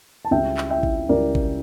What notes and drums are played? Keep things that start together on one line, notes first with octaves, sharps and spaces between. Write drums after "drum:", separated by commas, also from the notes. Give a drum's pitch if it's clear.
A5
C#2 C#3 G3 E5 G5
drum: clap
E5 G5
drum: kick G#1
C#2 C#3 G3 A#4 D5
drum: kick G#1